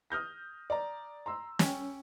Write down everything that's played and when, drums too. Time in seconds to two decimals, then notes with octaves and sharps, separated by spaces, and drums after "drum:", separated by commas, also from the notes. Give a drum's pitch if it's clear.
0.10 D#6 F6 G6 A#6
0.70 D5 A#5
1.26 A#5 C6 E6
1.59 C#4 G5, drum: snare